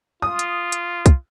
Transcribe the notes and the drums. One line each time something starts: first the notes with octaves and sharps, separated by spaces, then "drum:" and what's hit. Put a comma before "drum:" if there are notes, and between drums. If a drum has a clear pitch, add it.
F4 D#6
drum: hi-hat
drum: hi-hat
drum: kick, hi-hat